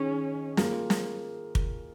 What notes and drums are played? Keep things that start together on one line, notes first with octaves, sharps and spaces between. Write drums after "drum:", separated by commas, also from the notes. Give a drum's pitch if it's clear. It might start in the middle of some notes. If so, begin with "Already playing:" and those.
Already playing: D#3 C#4 G#4
A#3 F4 G#4, drum: snare
drum: snare
drum: kick